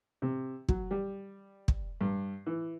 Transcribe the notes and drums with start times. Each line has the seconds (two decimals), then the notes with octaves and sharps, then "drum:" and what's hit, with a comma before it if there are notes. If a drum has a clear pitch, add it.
0.22 C3
0.69 F#3, drum: kick
0.91 G3
1.68 drum: kick
2.01 G2
2.46 E3